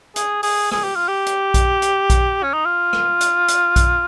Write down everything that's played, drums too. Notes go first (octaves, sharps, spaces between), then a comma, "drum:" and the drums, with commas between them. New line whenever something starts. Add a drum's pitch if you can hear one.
G#4, drum: hi-hat
G#4, drum: open hi-hat
G#4, drum: rim click
G4
F4
G4
drum: hi-hat
drum: kick A#1, hi-hat
drum: hi-hat
drum: kick A#1, hi-hat
C#4
D#4
F4
drum: rim click
drum: hi-hat
drum: hi-hat
drum: kick A#1, hi-hat